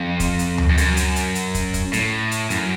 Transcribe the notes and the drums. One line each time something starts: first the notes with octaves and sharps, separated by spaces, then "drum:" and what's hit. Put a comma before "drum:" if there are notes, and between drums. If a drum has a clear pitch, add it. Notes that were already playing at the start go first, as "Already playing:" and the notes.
Already playing: F2
drum: kick, hi-hat
drum: hi-hat
drum: tom D2
F2
F#2, drum: hi-hat
drum: hi-hat
drum: hi-hat
drum: hi-hat
drum: kick, hi-hat
drum: kick, hi-hat
A2, drum: hi-hat
drum: hi-hat
F#2, drum: hi-hat